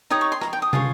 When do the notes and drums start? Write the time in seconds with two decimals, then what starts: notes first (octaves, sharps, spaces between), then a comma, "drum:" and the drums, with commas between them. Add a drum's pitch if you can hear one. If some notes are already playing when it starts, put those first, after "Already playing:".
0.10 D#4 G4 C#5 D#6
0.21 C#6
0.32 C6
0.41 A#5, drum: rim click
0.53 G5
0.62 D#6
0.73 F4 G#4 C#5, drum: tom